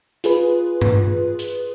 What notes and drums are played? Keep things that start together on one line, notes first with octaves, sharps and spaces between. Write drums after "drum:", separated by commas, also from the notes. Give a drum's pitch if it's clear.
F4 G#4 B4, drum: hi-hat
drum: tom G2
drum: hi-hat